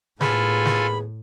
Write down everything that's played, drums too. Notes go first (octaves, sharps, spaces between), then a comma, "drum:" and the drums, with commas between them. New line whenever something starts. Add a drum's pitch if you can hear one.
D#2 A2 B3 F4 G#4 A4 G#5 B5, drum: snare
drum: snare